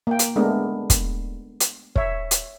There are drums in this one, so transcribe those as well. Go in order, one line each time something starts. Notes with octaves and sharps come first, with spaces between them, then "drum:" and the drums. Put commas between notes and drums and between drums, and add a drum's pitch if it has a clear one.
A#3 G5
drum: hi-hat
G#3 A3 B3 D4 A#4
drum: kick, hi-hat
drum: hi-hat
C#5 E5, drum: kick
drum: hi-hat